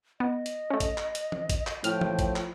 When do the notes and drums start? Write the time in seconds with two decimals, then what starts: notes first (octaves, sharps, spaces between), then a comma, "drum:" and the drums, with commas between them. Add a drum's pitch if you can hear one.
0.20 B3 D#5
0.46 drum: hi-hat
0.70 A3 C#4
0.80 drum: kick G#1, hi-hat
0.98 drum: clap
1.15 drum: hi-hat
1.32 drum: tom E3
1.50 drum: kick G#1, hi-hat
1.67 drum: clap
1.84 A2 F3 G5 F6, drum: hi-hat
2.01 drum: tom E3
2.19 drum: kick G#1, hi-hat
2.36 drum: clap